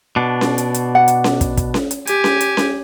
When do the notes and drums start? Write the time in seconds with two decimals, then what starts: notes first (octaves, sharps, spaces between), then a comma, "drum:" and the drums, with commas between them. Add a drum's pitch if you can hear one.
0.16 B2 D4
0.41 drum: snare C#4
0.58 drum: hi-hat
0.74 drum: hi-hat
0.95 F#5
1.08 drum: hi-hat
1.24 drum: snare C#4
1.41 drum: kick, hi-hat
1.57 drum: kick, hi-hat
1.74 drum: snare C#4
1.91 drum: hi-hat
2.07 G4 G#5, drum: hi-hat
2.24 drum: snare C#4
2.40 drum: hi-hat
2.57 drum: snare C#4